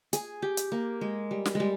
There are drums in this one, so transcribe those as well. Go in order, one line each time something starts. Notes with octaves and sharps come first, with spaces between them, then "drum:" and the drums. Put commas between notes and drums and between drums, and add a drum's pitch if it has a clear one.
G#4, drum: hi-hat
G4
drum: hi-hat
A#3
G#3
G3
drum: snare
G3 G#3